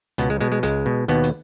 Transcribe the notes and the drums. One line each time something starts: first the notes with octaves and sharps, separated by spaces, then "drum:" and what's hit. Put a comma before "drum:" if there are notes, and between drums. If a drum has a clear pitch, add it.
C#2 B2 B3, drum: hi-hat
G#3
B2 G#3
G#3
C#2 G#3, drum: hi-hat
B2
D#2 B2 B3, drum: hi-hat
drum: hi-hat